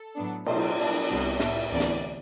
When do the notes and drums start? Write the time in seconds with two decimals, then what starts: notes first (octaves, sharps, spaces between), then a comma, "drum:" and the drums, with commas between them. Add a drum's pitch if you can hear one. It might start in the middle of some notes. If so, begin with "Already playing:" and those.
Already playing: A4
0.16 A2 F#3 B3 D4
0.46 B2 F#3 A3 D4 C5, drum: cymbal
0.77 B2 G3 B3 D4 D5
1.09 C2 C3 G3 B3 D4
1.40 A2 G3 B3 D4 E5, drum: snare
1.71 D2 C3 E3 B3 D4 D5
1.80 drum: snare